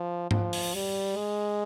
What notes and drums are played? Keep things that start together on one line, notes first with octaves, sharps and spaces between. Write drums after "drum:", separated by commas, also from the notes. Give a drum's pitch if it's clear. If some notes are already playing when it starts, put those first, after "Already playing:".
Already playing: F3
F3, drum: tom G#2
drum: open hi-hat
G3
G#3